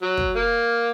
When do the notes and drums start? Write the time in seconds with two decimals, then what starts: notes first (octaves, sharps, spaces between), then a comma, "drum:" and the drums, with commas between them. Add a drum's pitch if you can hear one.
0.02 F#3
0.17 drum: kick
0.35 A#3